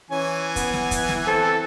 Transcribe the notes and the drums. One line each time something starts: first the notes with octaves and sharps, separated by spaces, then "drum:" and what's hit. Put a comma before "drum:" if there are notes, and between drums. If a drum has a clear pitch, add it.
E3 C#4 G#5
B3, drum: kick, hi-hat
drum: snare
drum: kick, hi-hat
drum: snare
C4 A4